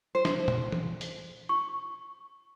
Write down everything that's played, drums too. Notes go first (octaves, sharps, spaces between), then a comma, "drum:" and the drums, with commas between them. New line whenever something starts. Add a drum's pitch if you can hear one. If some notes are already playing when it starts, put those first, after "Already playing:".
C5
drum: snare
drum: tom
drum: tom E3
drum: hi-hat
C#6